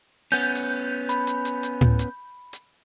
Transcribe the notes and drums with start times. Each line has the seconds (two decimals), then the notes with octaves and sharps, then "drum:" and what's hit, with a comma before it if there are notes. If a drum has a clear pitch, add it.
0.32 B3 C#4 G6
0.55 drum: hi-hat
1.09 B5, drum: hi-hat
1.27 drum: hi-hat
1.45 drum: hi-hat
1.63 drum: hi-hat
1.81 drum: tom A2
1.99 drum: hi-hat
2.53 drum: hi-hat